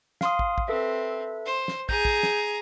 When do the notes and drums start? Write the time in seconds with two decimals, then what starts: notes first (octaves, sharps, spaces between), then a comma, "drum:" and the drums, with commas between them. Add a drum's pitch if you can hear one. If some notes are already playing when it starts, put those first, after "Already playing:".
0.21 F5 C6 D#6, drum: snare
0.39 drum: kick
0.58 drum: kick
0.68 C4 A4 B4 E5
1.46 C5
1.68 drum: snare
1.89 G#4 A#5 G6, drum: kick
2.05 drum: kick
2.23 drum: snare